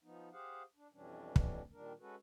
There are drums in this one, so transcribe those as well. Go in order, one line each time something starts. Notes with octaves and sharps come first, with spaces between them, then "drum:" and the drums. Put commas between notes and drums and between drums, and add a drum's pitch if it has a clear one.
F3 B3 D#4
G4 G#4 C5 F5 F#5
D4
F2 B2 E3 G3 C#4 D4
drum: kick
A#2 D#3 G3 D4 A#4
G#3 C#4 F#4 A4 B4